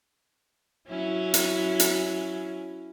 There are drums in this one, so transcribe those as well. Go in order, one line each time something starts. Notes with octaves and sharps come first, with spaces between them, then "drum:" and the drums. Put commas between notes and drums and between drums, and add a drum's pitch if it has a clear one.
F#3 C#4 E4
drum: hi-hat
drum: hi-hat